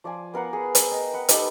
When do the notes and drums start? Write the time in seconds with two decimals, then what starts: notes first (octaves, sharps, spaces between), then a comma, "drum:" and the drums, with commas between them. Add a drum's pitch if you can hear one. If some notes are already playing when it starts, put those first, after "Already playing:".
0.04 F3 D5 F5 G#5
0.34 B3 A#4 F5 F#5
0.53 G#4
0.75 drum: hi-hat
0.91 D#5 G5
1.14 B4 F#5
1.29 D#4 G4 A4, drum: hi-hat